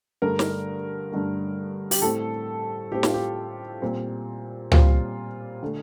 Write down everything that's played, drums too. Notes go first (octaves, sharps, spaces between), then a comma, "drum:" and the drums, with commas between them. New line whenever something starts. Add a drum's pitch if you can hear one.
G2 D3 A3 A#4
drum: snare
G2 D3 A3
G4, drum: open hi-hat
A2 A3 C4 A4
A2 A3 C4 G4
F4, drum: snare
G4
A#2 G3 C4
A#2 G3 C4 F4, drum: tom C#2
D3 A3